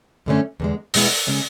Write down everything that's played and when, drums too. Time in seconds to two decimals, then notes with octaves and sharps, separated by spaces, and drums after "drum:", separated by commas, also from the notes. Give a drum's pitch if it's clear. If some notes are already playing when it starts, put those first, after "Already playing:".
0.26 F#2 D3 A3 C#4
0.60 E2 D3 G#3
0.94 E2 B2 G#3 B3 E4, drum: open hi-hat
1.27 C#3 G#3 C#4